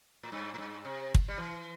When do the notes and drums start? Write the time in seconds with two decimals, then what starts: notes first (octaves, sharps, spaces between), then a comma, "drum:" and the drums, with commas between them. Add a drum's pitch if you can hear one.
0.23 A2
0.32 G2
0.54 A2
0.58 G2
0.85 C3
1.15 drum: kick
1.28 G3
1.38 E3